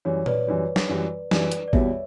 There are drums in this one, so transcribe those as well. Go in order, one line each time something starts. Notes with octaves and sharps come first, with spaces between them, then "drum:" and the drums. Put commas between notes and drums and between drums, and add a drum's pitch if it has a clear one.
F#2 E3 G3 C#5
B4 D5, drum: tom A#2
F#2 E3 G3
drum: snare
F#2 E3 G3
F#2 E3 G3 B4 D5, drum: snare
drum: hi-hat
D5
E2 B2 G3 C#5 E5, drum: kick G#1